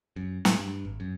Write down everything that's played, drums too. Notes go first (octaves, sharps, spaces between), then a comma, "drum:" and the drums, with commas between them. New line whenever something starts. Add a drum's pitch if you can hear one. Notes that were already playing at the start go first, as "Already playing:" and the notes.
F#2
A2, drum: snare
G2
G#1
F#2